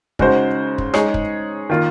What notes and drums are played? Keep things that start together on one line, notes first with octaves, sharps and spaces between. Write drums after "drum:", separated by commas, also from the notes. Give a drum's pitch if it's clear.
C#3 G#3 D#4 F#4 C5, drum: kick
drum: kick
G#3 D#4 G#4 C#5, drum: rim click
drum: kick
D#3 A#3 F4